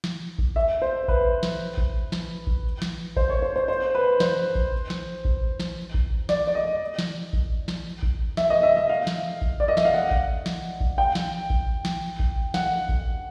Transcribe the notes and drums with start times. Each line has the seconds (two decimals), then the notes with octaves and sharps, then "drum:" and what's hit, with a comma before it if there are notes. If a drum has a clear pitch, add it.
0.04 drum: snare
0.39 drum: kick A1
0.56 E5
0.82 C5
1.08 B4, drum: kick A1
1.43 drum: snare
1.78 drum: kick A1
2.12 drum: snare
2.47 drum: kick A1
2.82 drum: snare
3.17 C5, drum: kick A1
3.30 C#5
3.42 C5
3.56 C5
3.68 C5
3.95 B4
4.20 C5, drum: snare
4.55 drum: kick A1
4.90 drum: snare
5.25 drum: kick A1
5.60 drum: snare
5.94 drum: kick A1
6.29 D5, drum: snare
6.47 D5
6.55 D#5
6.99 drum: snare
7.33 drum: kick A1
7.68 drum: snare
8.03 drum: kick A1
8.37 E5, drum: snare
8.50 D#5
8.63 E5
8.77 E5
8.89 F5
9.07 drum: snare
9.42 drum: kick A1
9.60 D5
9.68 D#5
9.77 E5, drum: snare
9.85 F5
9.94 F#5
10.11 drum: kick A1
10.46 drum: snare
10.81 drum: kick A1
10.98 G5
11.15 drum: snare
11.50 drum: kick A1
11.85 drum: snare
12.20 drum: kick A1
12.54 F#5, drum: snare
12.89 drum: kick A1